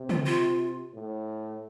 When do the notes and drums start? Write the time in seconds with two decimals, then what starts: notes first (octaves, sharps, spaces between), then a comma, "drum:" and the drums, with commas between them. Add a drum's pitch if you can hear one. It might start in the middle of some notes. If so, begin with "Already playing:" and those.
Already playing: C3
0.09 F4, drum: tom
0.26 F4
0.94 A2